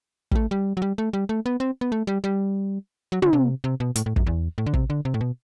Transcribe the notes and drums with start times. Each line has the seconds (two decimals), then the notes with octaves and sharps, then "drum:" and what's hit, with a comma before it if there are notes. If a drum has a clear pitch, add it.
0.31 G3, drum: kick
0.35 A3
0.51 G3
0.77 F#3
0.82 G3
0.98 A3
1.13 G3
1.29 A3
1.46 B3
1.60 C4
1.81 B3
1.92 A3
2.07 G3
2.24 G3
3.12 F#3
3.22 D3, drum: tom
3.33 C3
3.64 C3
3.80 B2
3.96 A2, drum: hi-hat
4.06 A2
4.16 F#2, drum: kick
4.27 E2
4.58 A2
4.66 D3
4.74 C3, drum: kick
4.90 D3
5.05 C3
5.14 A2
5.21 B2